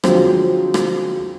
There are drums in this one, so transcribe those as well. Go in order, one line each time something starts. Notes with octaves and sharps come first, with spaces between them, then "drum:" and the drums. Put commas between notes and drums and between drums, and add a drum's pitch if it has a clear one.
D3 F3 F#3 G#3 C4, drum: rim click
drum: rim click